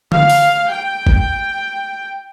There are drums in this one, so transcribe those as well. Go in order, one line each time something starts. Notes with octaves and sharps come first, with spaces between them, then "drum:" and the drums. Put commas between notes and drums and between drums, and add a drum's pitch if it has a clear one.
F5, drum: tom D3
drum: open hi-hat
G5
drum: kick G1